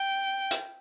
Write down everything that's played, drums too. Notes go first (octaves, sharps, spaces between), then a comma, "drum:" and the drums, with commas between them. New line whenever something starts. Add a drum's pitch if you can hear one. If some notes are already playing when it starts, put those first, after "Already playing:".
Already playing: G5
drum: hi-hat